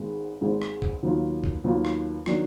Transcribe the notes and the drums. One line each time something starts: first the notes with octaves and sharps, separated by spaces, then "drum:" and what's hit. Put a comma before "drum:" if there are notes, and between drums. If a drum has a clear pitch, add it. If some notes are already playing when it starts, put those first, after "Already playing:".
Already playing: G#1 G#2 D#3 G#3 B3
G#1 G#2 D#3 G#3 B3
drum: rim click
drum: kick
D#2 D#3 F#3 B3 F4
drum: kick
D#2 D#3 F#3 B3 F4
drum: rim click
D#3 F#3 D4, drum: rim click